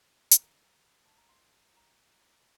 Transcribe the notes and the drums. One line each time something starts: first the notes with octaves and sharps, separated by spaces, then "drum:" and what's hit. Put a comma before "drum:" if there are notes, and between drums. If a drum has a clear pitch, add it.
A#5, drum: hi-hat
A5
A#5
C6
A#5